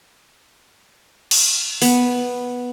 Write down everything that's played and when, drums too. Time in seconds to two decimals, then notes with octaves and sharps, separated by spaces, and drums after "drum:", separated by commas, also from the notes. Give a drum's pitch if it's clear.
1.31 drum: cymbal
1.82 B3, drum: open hi-hat